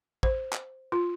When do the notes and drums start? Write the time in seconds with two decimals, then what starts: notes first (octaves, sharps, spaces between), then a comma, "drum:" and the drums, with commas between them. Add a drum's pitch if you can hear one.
0.23 C5, drum: kick
0.53 drum: clap
0.92 F4